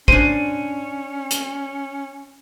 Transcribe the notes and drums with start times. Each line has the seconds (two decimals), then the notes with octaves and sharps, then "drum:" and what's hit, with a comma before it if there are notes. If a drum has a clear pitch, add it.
0.08 C#4 D4 C5 D#7, drum: kick
1.31 drum: hi-hat